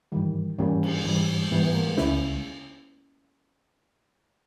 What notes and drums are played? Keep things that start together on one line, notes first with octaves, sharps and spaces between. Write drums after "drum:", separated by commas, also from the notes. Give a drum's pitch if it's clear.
G#2 D#3 E3 G3
G#2 E3 G3 A#3 C#4
drum: cymbal
G#2 E3 G3
G#2 E3 G3 B3
B3
A#3
G#3
C#2 C#3 G#3 C#4 E4, drum: snare